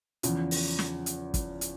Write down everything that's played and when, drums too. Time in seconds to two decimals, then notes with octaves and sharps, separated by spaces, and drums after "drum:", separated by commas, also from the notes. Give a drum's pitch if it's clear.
0.23 E2 C#3 F3, drum: hi-hat
0.51 drum: open hi-hat
0.79 drum: snare
1.06 drum: hi-hat
1.34 drum: kick F#1, hi-hat
1.61 drum: hi-hat